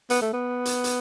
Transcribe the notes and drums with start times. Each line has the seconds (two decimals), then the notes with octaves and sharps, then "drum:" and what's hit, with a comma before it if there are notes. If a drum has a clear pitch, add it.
0.10 B3, drum: hi-hat
0.22 A3
0.33 B3
0.65 drum: hi-hat
0.84 drum: hi-hat